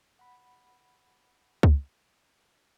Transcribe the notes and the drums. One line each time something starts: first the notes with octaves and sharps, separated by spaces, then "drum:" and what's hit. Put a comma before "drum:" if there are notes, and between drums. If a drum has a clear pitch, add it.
F#5 B5
drum: kick C#2